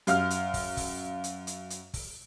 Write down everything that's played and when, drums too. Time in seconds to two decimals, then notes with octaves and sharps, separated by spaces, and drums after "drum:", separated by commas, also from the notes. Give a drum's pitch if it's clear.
0.07 F#2 F5 F6, drum: hi-hat
0.30 drum: hi-hat
0.54 drum: kick, open hi-hat
0.77 drum: kick, open hi-hat
1.24 drum: hi-hat
1.47 drum: hi-hat
1.70 drum: hi-hat
1.94 drum: kick, open hi-hat